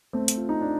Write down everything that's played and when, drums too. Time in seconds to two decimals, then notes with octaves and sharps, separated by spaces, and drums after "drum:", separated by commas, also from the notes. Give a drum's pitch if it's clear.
0.13 A3 C4
0.28 drum: hi-hat
0.37 F4
0.49 D#4
0.61 D4